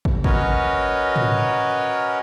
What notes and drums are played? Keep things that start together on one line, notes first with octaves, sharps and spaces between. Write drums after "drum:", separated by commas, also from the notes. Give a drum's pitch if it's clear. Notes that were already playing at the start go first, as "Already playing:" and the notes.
drum: kick
C#4 F#4 A#4 B4 C#5 D#5, drum: kick
drum: tom